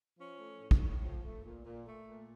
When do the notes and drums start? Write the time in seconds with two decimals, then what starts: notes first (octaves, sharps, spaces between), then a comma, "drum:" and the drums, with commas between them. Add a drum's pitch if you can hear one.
0.18 F3 C#4
0.39 A3
0.61 A2
0.71 drum: kick
0.81 A2
1.02 F3
1.24 A3
1.44 A#2
1.65 A#2
1.86 A3
2.06 A#2